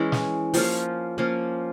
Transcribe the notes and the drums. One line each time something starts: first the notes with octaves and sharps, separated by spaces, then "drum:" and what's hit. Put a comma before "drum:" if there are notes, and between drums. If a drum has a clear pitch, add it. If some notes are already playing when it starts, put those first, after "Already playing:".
Already playing: E3 G#3 C#4
drum: snare
F3 A#3 C#4 F4, drum: open hi-hat
F3 A#3 C#4 F4